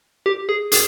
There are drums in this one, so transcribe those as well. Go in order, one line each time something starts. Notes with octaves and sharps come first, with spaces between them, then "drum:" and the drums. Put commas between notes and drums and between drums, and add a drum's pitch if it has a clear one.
G4
G#4
G#4, drum: hi-hat